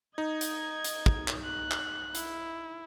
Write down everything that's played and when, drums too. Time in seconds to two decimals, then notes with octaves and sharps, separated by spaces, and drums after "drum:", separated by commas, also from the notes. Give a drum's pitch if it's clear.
0.18 D#4 D#5 G#6
0.41 drum: hi-hat
0.84 drum: hi-hat
1.06 drum: kick
1.28 drum: clap
1.45 F#6
1.71 drum: clap
2.15 E4, drum: hi-hat